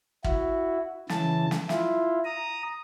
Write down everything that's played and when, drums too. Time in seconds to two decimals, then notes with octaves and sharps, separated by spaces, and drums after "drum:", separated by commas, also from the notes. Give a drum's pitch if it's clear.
0.24 E4 F#4, drum: kick
1.09 C#3 E3 A5, drum: snare
1.51 drum: snare
1.69 E4 F4, drum: snare
2.25 A#5 D#6